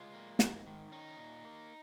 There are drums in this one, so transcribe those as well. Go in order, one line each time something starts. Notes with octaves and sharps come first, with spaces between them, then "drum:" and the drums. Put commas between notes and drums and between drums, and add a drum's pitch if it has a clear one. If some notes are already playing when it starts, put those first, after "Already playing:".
Already playing: G#3 F4
A#3
G#2, drum: snare
D#3
C#4 D#4
A#2
A#3